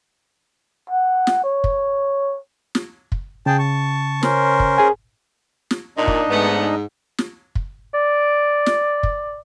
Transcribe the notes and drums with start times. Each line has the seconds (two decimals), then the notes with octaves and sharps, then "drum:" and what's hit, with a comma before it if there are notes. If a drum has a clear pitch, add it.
0.90 F#5
1.27 drum: snare
1.44 C#5
1.64 drum: kick
2.75 drum: snare
3.12 drum: kick
3.46 C#3 G#4 G5 A5
3.59 A5 C#6
4.23 C#4 A#4 C5, drum: snare
4.60 drum: kick
4.78 G#4 G#5
5.71 drum: snare
5.97 A#2 D4 D#4 D#5
6.08 drum: kick
6.30 G#2 A3 B3
7.18 drum: snare
7.55 drum: kick
7.94 D5
8.66 drum: snare
9.03 drum: kick